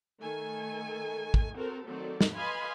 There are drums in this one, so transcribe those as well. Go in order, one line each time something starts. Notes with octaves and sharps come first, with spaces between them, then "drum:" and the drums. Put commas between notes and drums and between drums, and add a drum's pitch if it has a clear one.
D#3 A3 A4 G#5
drum: kick
C4 F#4 A4 A#4
D#3 F#3 A3 C4 A4 D5
drum: snare
B4 D#5 F5 G#5 B5 C6